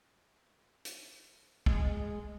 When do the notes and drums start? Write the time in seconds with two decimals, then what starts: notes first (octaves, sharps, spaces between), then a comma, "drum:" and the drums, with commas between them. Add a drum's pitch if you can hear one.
0.85 drum: hi-hat
1.66 G#3, drum: kick